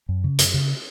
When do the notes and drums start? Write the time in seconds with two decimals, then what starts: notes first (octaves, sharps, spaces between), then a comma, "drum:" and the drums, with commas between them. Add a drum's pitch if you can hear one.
0.09 F#2
0.24 C#3
0.39 F#2, drum: hi-hat
0.54 C#3